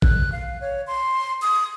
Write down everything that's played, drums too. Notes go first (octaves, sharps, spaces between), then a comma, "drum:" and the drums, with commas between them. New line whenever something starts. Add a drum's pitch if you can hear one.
F#6, drum: kick
F5
C#5
C6
D#6